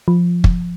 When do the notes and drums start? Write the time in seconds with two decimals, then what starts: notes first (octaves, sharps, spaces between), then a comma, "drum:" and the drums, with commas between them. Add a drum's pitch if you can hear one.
0.08 F3
0.44 drum: kick